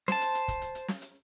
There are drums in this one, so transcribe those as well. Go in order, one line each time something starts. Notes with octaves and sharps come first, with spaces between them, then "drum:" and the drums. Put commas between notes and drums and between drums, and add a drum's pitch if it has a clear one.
C5 A5, drum: snare
drum: hi-hat
drum: hi-hat
drum: kick, hi-hat
drum: hi-hat
drum: hi-hat
drum: snare
drum: hi-hat